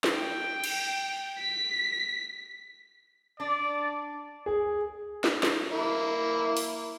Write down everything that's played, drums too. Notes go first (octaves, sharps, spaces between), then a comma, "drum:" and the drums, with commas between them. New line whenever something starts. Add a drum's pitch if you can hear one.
drum: snare
G5
drum: cymbal
B6
D4 D5
G#4
drum: snare
drum: snare
A#3 E4
drum: open hi-hat